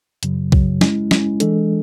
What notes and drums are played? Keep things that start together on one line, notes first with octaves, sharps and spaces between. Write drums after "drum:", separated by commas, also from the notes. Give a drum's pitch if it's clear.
F#2 C#3 F#3, drum: hi-hat
F#2 C#3 F#3, drum: kick B1
G#3 C#4 E4, drum: snare
G#3 C#4 E4, drum: snare
E3 G#3 D4 A4, drum: hi-hat